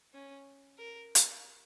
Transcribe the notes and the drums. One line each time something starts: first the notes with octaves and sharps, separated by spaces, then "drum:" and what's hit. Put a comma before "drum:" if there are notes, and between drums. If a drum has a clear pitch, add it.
C#4
A#4
drum: hi-hat